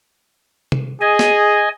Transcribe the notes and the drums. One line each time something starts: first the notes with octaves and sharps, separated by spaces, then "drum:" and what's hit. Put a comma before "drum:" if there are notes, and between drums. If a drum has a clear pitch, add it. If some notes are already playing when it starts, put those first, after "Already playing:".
drum: tom C3
G#4 D#5 G#5
drum: snare